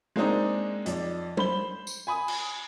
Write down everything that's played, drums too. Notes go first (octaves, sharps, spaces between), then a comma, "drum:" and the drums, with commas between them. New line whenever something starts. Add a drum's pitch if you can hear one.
G#3 A#3 C4 D4 D#4
F2 D5, drum: hi-hat
C5 B5 G7, drum: tom
drum: tambourine
G#5 B5 D#6
drum: cymbal